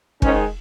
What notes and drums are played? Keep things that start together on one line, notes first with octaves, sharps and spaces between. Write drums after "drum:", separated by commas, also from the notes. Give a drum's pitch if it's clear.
G#2 D#3 G#3 C#4, drum: kick